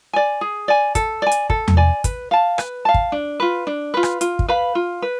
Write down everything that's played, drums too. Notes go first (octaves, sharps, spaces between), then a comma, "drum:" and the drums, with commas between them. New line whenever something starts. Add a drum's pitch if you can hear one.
D5 G#5
G#4
D5 G#5
A4, drum: kick, hi-hat
D5 G#5
drum: hi-hat
A4, drum: kick
drum: tom E2
D5 G#5
B4, drum: kick, hi-hat
F5 A5
B4, drum: rim click
F5 A5
drum: kick
D4
F4 B4
D4
F4 B4
drum: rim click
F4, drum: hi-hat
drum: kick
B4 F5 B5
F4
B4